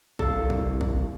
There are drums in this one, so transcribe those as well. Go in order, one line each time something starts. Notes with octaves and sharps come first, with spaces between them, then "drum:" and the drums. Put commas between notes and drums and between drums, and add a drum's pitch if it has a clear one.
C2 A4 F5, drum: kick
drum: kick
drum: kick